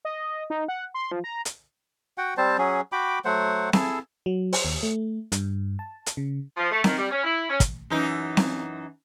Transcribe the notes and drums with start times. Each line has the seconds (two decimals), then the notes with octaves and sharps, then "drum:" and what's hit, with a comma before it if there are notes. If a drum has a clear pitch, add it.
0.05 D#5
0.50 D#4
0.68 F#5
0.94 C6
1.12 F3
1.24 A#5
1.45 drum: hi-hat
2.18 F#4 F#5 G5
2.37 G3 C4 C5 A5
2.58 F#3 C#4 G#4
2.92 F#4 G5 B5 D6
3.25 F#3 A3 C5 F#5
3.73 E4 G#4 A4 E6, drum: snare C4
4.26 F#3
4.53 C5, drum: open hi-hat
4.64 D#2
4.83 A3
5.32 G2, drum: hi-hat
5.79 A5
6.06 drum: hi-hat
6.17 C#3
6.57 F3
6.71 A3
6.84 D#3, drum: snare C4
6.98 G3
7.12 C#4
7.24 E4
7.49 C#4
7.60 drum: kick, hi-hat
7.90 F#2 E3 D#4
8.37 drum: snare C4